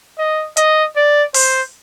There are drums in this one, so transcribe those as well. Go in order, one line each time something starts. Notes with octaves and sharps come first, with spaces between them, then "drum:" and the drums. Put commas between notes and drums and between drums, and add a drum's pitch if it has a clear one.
D#5
D#5, drum: hi-hat
D5
C5, drum: open hi-hat